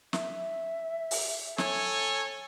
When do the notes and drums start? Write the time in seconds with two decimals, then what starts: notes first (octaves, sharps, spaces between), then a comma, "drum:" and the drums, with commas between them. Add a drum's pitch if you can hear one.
0.13 E5, drum: snare
1.11 drum: open hi-hat
1.58 A4 C#5 G#5, drum: snare